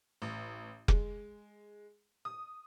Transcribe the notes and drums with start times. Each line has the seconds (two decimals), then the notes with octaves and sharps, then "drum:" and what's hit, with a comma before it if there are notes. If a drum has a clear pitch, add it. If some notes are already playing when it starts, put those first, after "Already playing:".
0.22 A1
0.88 G#3, drum: kick F1
2.25 D#6